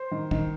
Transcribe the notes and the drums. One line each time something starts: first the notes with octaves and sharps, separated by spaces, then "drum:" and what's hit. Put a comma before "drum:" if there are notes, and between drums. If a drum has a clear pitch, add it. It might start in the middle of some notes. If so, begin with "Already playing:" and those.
Already playing: C5
D#3
D#3, drum: kick